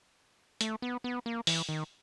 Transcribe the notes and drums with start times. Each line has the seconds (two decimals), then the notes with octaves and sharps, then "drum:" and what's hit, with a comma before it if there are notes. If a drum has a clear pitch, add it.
0.61 A3, drum: hi-hat
0.82 B3
1.04 B3
1.26 A#3
1.47 E3, drum: open hi-hat
1.69 D#3